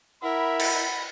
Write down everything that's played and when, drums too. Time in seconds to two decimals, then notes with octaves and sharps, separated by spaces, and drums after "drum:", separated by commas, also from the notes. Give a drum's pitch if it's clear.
0.23 E4 A#4 E5 F#5 B5
0.60 drum: cymbal